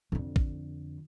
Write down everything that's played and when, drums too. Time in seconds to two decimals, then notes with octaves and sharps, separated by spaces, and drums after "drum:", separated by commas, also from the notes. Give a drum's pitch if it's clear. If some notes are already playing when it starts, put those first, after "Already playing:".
0.12 F2 D3
0.36 drum: kick